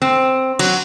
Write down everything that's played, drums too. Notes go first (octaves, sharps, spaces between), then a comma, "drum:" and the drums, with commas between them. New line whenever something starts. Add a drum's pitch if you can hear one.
C4
F#3, drum: cymbal